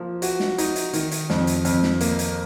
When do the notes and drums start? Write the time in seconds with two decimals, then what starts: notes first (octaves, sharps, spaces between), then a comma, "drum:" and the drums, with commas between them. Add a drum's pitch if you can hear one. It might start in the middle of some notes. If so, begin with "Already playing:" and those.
Already playing: F3 A#3
0.22 F#4, drum: hi-hat
0.40 drum: snare
0.58 D#4, drum: hi-hat
0.76 drum: hi-hat
0.93 D#3, drum: hi-hat
1.11 drum: hi-hat
1.30 F2, drum: snare
1.47 drum: hi-hat
1.65 F2, drum: hi-hat
1.83 drum: snare
2.01 A#3, drum: hi-hat
2.19 drum: hi-hat